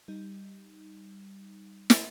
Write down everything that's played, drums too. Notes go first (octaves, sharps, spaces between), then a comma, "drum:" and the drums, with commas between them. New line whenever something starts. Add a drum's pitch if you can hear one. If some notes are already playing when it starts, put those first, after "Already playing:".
G3 D#4
drum: snare